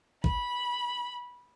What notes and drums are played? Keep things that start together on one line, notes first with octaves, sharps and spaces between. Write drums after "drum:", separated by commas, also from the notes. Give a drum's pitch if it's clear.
B5, drum: kick